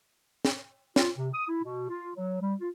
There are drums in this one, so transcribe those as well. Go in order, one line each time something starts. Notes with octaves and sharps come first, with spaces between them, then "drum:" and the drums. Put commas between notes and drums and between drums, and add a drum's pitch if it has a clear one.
drum: snare
F4, drum: snare
C3
D#6
E4
B2
F4
F#3
G3
F4